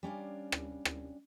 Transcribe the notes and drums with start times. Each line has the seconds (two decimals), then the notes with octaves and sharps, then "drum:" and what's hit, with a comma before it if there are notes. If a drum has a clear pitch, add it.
0.03 G3 C#4 D4 F5
0.52 drum: rim click
0.85 drum: rim click